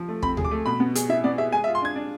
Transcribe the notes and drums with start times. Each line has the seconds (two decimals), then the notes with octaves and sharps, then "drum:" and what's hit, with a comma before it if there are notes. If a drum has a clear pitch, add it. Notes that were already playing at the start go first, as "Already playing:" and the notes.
Already playing: F3
0.08 A3
0.22 C4 B5, drum: kick
0.37 G#4, drum: tom D2
0.45 D6
0.51 A3
0.66 B2 B5
0.80 B3
0.95 G#4, drum: hi-hat
1.09 E4 E5
1.24 B3 D5
1.38 G#4 E5
1.52 G#3 G#5
1.64 E5
1.68 F4
1.75 C6
1.82 D4 G#6
1.96 D4